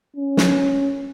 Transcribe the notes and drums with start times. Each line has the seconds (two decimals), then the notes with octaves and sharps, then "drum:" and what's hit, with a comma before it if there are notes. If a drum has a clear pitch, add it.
0.17 C#4
0.37 drum: snare